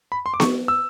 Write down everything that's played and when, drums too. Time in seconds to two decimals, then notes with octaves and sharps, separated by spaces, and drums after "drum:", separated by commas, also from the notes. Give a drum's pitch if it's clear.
0.12 B5
0.26 C6
0.34 D6
0.40 C#6, drum: snare B3
0.68 E6